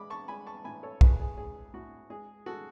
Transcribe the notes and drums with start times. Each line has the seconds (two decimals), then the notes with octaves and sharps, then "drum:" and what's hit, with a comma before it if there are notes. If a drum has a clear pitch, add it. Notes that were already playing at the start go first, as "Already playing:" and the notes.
Already playing: G#3 B5 D6
0.10 A5 C#6
0.28 G#3 G#5 B5
0.46 A5 C#6
0.57 A5
0.64 A2 G#5 B5
0.83 A4 C#5
1.01 A2 G#4 B4, drum: kick B1
1.19 G#4
1.38 G#3 G#4
1.74 A2 F#4
2.10 G#3 G#4
2.46 G#3 F#4 A4